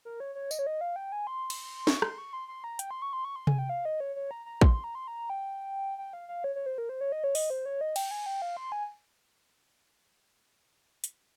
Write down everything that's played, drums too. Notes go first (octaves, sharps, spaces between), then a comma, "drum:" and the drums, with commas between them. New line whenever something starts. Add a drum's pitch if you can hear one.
A#4
C#5
C#5
D#5, drum: tambourine
C#5
D#5
F5
G5
G#5
C6
drum: cymbal
C#6, drum: snare
C6, drum: rim click
C#6
C6
C6
A#5
G5, drum: hi-hat
C6
C#6
C6
C#6
C6
G#5, drum: tom C3
G5
F5
D#5
C#5
C#5
A#5
A#5
C6, drum: kick
C6
A#5
C6
A#5
G5
G5
F5
F5
C#5
C#5
C5
A#4
C5
C#5
D#5
C#5
D#5, drum: open hi-hat
C5
C#5
D#5
G5, drum: cymbal
G#5
G5
F5
C6
G#5
drum: hi-hat